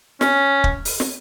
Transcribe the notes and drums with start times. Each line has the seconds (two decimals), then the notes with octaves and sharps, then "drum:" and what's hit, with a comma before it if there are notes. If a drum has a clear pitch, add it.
0.21 C#4, drum: snare
0.64 drum: kick
0.85 drum: open hi-hat
1.00 drum: snare